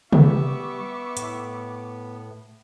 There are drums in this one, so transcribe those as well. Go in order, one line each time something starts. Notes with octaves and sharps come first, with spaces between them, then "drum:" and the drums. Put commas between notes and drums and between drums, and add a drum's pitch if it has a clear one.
G3 B3 E5 C#6 D6, drum: tom
A2, drum: hi-hat